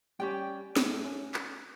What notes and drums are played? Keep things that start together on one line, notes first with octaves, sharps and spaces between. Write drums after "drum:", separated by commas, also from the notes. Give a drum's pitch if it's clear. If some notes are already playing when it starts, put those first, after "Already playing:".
G3 C#4 G4 D5 G5
A3, drum: snare
A3
C#4
drum: clap